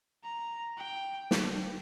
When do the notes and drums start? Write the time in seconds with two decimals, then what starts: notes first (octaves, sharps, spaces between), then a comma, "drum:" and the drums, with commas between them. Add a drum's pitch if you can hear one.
0.24 A#5
0.77 G5
1.31 drum: snare